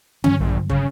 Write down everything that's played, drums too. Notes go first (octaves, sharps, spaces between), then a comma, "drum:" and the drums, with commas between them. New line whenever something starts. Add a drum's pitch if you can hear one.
G2 D3 F#3 C#4, drum: tom D3
A#1
C#3, drum: kick